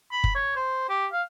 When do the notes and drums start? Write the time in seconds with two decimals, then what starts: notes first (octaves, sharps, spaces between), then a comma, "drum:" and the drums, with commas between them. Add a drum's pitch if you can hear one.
0.12 B5
0.24 drum: kick F#1
0.35 C#5
0.56 C5
0.89 G4
1.12 F5